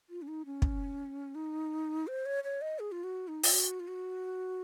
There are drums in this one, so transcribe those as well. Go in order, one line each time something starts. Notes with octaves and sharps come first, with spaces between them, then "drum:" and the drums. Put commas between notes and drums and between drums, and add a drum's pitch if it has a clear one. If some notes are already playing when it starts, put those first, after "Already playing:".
F4
C#4
D#4
C#4
drum: kick
D#4
C5
C#5
C#5
D#5
G#4
F4
F#4
D#4
F4, drum: open hi-hat
F#4
F4
F#4